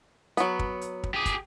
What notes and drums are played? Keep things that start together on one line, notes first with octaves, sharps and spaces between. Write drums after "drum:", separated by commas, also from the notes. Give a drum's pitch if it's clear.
F#3 B3, drum: hi-hat
drum: kick
drum: hi-hat
drum: kick
G4 G#4
drum: kick, hi-hat